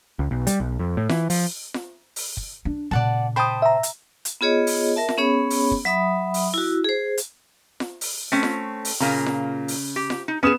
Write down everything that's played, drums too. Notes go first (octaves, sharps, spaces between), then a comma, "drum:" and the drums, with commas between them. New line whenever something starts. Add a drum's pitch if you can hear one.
C#2
B1
G3, drum: hi-hat
B1
F2
A2
E3, drum: snare F4
F3, drum: open hi-hat
drum: snare F4
drum: open hi-hat
drum: kick
D4
A#2 C#3 D5 F#5 A5
C5 G5 A5 B5 D#6
E5 A#5
drum: hi-hat
drum: hi-hat
B3 F4 G#4 C#5 D#5
drum: open hi-hat
A#4 E5 A5
drum: snare F4
B3 C#4 G#4 C#5 B5
drum: open hi-hat
drum: kick
F#3 E5 B5 D#6
drum: open hi-hat
E4 F#4
G#4 C5
drum: hi-hat
drum: snare F4
drum: open hi-hat
A3 C4 C#4
drum: snare F4
drum: open hi-hat
A#2 C#3 A#3 A#5
drum: snare F4
drum: open hi-hat
G4
drum: snare F4
D#4
B3 C#4 G#4 D#6 E7